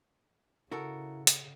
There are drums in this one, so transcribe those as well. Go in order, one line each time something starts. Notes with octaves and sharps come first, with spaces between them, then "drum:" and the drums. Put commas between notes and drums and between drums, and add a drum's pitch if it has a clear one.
C#3 E4 F#4 A4 A#4
drum: hi-hat